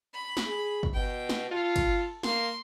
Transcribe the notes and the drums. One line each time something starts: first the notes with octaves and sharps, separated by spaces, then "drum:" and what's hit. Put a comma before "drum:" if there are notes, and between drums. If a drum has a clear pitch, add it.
B5
drum: snare
G#4
drum: kick
B2 G5
drum: snare
F4 A4
drum: kick, cymbal
A#3 C6, drum: snare